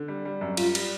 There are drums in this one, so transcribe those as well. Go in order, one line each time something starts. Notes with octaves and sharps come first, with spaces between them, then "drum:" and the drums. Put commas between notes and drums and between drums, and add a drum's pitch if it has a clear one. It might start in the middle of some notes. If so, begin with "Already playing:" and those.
Already playing: D3
G3
G3
F#2
G3 F4, drum: cymbal
G3, drum: cymbal